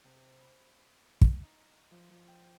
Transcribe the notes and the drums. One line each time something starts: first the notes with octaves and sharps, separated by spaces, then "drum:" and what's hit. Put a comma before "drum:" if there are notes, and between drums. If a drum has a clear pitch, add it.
C3
B5
drum: kick
D#4
F3
F3
G5